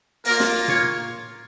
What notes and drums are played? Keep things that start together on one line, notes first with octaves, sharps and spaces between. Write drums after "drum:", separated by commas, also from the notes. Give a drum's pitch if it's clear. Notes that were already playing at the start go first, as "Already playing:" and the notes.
A#3 F4 A#4, drum: open hi-hat
drum: snare
C#5, drum: tom A#2